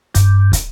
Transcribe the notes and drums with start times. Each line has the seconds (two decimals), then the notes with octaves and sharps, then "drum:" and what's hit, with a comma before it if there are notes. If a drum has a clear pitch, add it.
0.15 G2, drum: kick, hi-hat
0.53 drum: kick, hi-hat